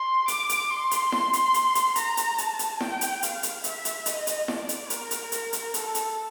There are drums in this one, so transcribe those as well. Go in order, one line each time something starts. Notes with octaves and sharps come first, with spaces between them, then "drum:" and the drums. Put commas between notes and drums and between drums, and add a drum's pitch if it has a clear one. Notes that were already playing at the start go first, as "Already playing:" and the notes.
Already playing: C6
D6, drum: hi-hat
drum: hi-hat
C6
drum: hi-hat
drum: snare E4
drum: hi-hat
drum: hi-hat
drum: hi-hat
A#5, drum: hi-hat
drum: hi-hat
A5, drum: hi-hat
drum: hi-hat
G5, drum: snare E4
drum: hi-hat
F5, drum: hi-hat
drum: hi-hat
E5, drum: hi-hat
drum: hi-hat
D#5, drum: hi-hat
drum: hi-hat
D5, drum: snare E4
drum: hi-hat
A#4, drum: hi-hat
drum: hi-hat
A#4, drum: hi-hat
drum: hi-hat
A4, drum: hi-hat
drum: hi-hat